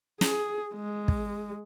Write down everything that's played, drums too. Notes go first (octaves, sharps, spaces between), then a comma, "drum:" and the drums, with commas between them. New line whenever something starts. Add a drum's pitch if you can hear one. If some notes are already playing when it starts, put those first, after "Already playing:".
G#4, drum: snare
G#3
drum: kick